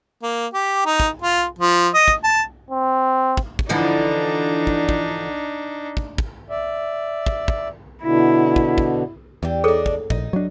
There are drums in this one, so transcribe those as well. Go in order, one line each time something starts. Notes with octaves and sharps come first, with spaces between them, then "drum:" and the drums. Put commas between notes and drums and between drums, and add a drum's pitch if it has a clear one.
A#3
G4
D#4
drum: kick
F4
F3
D#5
drum: kick
A5
C4
drum: kick
drum: kick
D3 E3 F3 D4 D#4
drum: kick
drum: kick
drum: kick
drum: kick
D5 E5
drum: kick
drum: kick
B2 D3 E4
drum: kick
drum: kick
E2 E3 D4 G4
D4 D#4 G#4 A4 C#5
drum: kick
A#1 D#4, drum: kick
F#3 D4